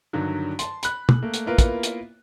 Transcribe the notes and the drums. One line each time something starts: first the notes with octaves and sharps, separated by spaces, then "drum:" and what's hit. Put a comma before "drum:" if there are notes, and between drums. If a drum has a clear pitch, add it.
G2 D3 D#3 F#3
A5 C6, drum: hi-hat
B5 F#6, drum: hi-hat
drum: tom
A3 A#3
drum: hi-hat
A#3 B3 E4 F4 A#4 B4
drum: kick, hi-hat
drum: hi-hat